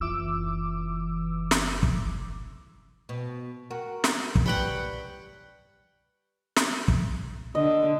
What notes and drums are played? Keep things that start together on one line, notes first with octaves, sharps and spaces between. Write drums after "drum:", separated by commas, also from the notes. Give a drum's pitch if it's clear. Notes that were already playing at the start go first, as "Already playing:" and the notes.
F#1 E3 F4 D6 E6
drum: snare
drum: kick
B2
F#4 A#4
drum: snare
drum: kick
G3 B4 C#5 F#5 G5 A5 B5
drum: snare
drum: kick
D3 D#5